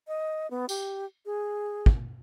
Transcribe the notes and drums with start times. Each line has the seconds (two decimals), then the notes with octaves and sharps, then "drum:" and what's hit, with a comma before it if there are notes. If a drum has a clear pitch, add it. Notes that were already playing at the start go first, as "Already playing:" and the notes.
0.08 D#5
0.51 B3
0.69 G4, drum: tambourine
1.26 G#4
1.86 drum: kick